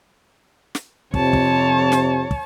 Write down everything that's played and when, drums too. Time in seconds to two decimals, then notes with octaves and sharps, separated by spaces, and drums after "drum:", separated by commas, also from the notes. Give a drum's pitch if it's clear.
0.75 drum: snare
1.14 F2 C3 C#5 A5, drum: kick
1.33 drum: kick
1.92 drum: snare
2.31 drum: kick